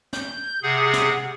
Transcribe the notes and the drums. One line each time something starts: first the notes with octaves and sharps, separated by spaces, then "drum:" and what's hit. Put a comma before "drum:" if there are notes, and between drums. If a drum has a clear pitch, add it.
G6, drum: snare
C3 G#4 F#5
drum: snare